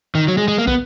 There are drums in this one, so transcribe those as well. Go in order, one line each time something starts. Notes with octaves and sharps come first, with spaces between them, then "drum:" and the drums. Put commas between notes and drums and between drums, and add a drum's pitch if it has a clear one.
D#3
F#3
G#3
G#3
A#3
B3, drum: kick